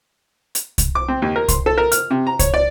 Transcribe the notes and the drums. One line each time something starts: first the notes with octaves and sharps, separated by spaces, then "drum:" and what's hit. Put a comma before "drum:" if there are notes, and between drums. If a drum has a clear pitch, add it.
drum: hi-hat
drum: kick C2, hi-hat
D6
C4
D#2
A#4
C6, drum: kick C2, hi-hat
A4
A#4
F6, drum: hi-hat
C3
A#5
C#5, drum: kick C2, hi-hat
D5